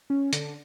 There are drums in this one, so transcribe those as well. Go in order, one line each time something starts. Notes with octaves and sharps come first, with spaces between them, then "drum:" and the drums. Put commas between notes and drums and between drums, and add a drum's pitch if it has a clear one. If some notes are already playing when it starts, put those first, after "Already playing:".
C#4
D3, drum: hi-hat